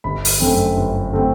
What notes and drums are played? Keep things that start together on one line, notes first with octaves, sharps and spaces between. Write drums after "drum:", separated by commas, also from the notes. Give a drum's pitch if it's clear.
G1 B5
drum: open hi-hat
F#2 D3 A3 C4
G1
D3 A3 C4